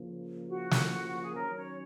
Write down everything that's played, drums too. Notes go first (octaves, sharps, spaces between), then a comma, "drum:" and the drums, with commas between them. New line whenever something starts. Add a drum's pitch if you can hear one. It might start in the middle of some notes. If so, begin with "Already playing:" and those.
Already playing: C#3 F3 A#3
F#4
drum: snare
F#4
G#4
D#3 F#3 C#4 A#4
C#5